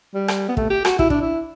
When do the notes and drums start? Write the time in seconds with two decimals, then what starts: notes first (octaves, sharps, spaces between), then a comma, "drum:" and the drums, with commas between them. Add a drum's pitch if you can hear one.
0.14 G3
0.28 drum: rim click
0.49 B3
0.57 A3, drum: kick
0.70 G4
0.85 F#4, drum: rim click
0.99 E4, drum: kick
1.10 D4, drum: kick
1.22 E4